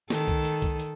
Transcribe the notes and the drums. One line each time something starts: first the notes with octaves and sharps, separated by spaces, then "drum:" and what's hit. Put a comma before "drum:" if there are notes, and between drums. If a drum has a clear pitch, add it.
D#3 A4, drum: snare
drum: kick C2, hi-hat
drum: hi-hat
drum: kick C2, hi-hat
drum: hi-hat